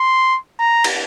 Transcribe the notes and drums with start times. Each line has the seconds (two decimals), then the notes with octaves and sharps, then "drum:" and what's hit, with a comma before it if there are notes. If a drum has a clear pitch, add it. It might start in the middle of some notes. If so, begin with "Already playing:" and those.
Already playing: C6
0.59 A#5
0.84 drum: cymbal